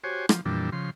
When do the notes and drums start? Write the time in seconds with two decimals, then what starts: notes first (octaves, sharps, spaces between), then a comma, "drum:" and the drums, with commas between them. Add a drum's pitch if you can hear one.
0.04 F#4 G4 C5 C#5 G#5
0.29 F3, drum: rim click
0.45 F2 A#2 E3 G3 D4
0.72 C#3 F3 C6